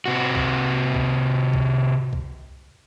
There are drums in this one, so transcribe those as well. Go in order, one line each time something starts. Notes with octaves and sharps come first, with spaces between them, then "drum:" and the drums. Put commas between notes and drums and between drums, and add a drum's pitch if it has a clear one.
C3 F#4
drum: kick C2
drum: kick C2
drum: kick C2
drum: kick C2